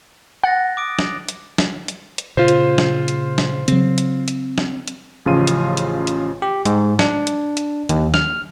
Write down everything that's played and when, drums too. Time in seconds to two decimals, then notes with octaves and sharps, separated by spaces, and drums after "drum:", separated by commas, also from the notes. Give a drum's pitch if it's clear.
0.44 F#5 F#6 A6 A#6
0.77 D6 D#6 D7
0.99 drum: snare
1.28 drum: hi-hat
1.58 drum: snare
1.88 drum: hi-hat
2.18 drum: hi-hat
2.37 A#2 C#3 F4 C5
2.48 drum: hi-hat
2.78 drum: snare
3.08 drum: hi-hat
3.38 drum: snare
3.68 C#3 F#3 C4, drum: hi-hat
3.98 drum: hi-hat
4.28 drum: hi-hat
4.58 drum: snare
4.88 drum: hi-hat
5.26 A1 C#3 F3 F4 D#7
5.47 drum: hi-hat
5.77 drum: hi-hat
6.07 drum: hi-hat
6.42 G4
6.65 G#2, drum: hi-hat
6.99 D4, drum: snare
7.27 drum: hi-hat
7.57 drum: hi-hat
7.89 D#2, drum: hi-hat
8.14 F6, drum: snare